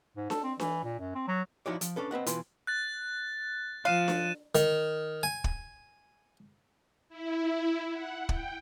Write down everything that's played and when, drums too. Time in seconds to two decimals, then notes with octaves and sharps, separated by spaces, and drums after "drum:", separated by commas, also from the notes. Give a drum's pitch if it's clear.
0.17 G#2
0.30 A4, drum: snare D4
0.43 C4
0.60 E3, drum: snare D4
0.84 A#2
0.99 F#2
1.15 C4
1.28 F#3
1.66 F3 D#4 E4 F#4 C#5 D5
1.81 F3, drum: hi-hat
1.96 C#4 D4 A4 B4
2.11 C4 B4 D#5 F#5
2.26 B2 E3 F4 B4 B5 C6, drum: hi-hat
2.67 F#6 A6
3.85 F3 F5 F#6 D#7 E7
4.08 drum: snare D4
4.55 D#3, drum: hi-hat
5.23 G#5
5.44 drum: kick
7.09 E4
7.93 F#5
8.29 G5, drum: kick